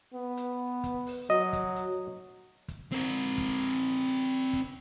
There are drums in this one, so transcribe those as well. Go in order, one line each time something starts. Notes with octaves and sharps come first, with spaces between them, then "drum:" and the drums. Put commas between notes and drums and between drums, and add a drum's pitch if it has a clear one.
B3
drum: hi-hat
drum: kick, hi-hat
drum: open hi-hat
F#3 D#5
drum: kick, hi-hat
drum: hi-hat
drum: kick, hi-hat
C4 A#4, drum: open hi-hat
drum: kick, hi-hat
drum: hi-hat
drum: hi-hat
drum: kick, hi-hat